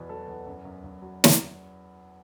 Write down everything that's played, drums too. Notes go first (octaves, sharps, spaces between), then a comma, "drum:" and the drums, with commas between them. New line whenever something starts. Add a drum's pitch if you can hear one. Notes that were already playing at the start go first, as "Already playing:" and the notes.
Already playing: E2 B2 B4
F#3 A4
E2
F#2
F#2
F#2
F#3
drum: snare